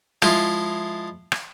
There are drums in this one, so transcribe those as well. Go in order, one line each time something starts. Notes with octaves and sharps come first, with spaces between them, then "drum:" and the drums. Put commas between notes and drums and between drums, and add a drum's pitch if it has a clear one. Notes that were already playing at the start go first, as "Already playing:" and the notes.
F3 G#3 E4 F4, drum: rim click
drum: rim click